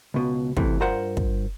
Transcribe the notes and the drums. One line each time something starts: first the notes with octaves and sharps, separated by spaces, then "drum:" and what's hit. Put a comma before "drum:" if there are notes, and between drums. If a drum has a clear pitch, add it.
C#2 B2
C3 E3 A3, drum: kick
G2 F4 A#4 C5 F#5
drum: kick